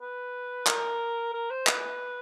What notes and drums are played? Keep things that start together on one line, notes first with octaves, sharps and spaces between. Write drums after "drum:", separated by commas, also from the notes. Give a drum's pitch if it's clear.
B4
A#4, drum: clap
A#4
C5
B4, drum: clap